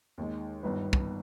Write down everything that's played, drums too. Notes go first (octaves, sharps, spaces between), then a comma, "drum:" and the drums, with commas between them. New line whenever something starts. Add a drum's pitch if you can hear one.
D#2 D#3 G#3
G1 G2 D#3 B3
drum: kick